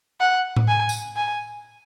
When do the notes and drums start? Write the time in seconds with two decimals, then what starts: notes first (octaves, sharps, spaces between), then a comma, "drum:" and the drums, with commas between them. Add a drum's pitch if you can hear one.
0.20 F#5
0.56 drum: tom A2
0.68 G#5
0.89 drum: tambourine
1.16 G#5